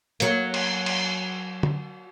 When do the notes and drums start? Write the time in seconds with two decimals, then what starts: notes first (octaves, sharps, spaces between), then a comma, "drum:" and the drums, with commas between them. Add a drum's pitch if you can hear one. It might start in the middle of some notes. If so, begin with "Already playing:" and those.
0.20 F#3 A#3, drum: hi-hat
0.54 drum: cymbal
0.86 drum: cymbal
1.63 drum: tom